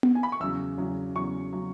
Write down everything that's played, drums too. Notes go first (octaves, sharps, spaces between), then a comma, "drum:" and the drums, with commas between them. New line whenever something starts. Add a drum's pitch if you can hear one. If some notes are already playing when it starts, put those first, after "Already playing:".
drum: tom B3
G#5
B5
C#6
E2 C#3 F#3 E6
E2 C#3 F#3
E2 C#3 F#3 C#6
C#3 F#3